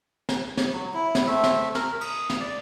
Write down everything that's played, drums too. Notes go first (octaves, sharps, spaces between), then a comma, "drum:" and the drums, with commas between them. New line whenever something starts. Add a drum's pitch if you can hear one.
drum: snare
drum: snare
F#3
E4
drum: snare
A3 C4 E5
drum: snare
A#4, drum: snare
D#6, drum: cymbal
drum: snare
D5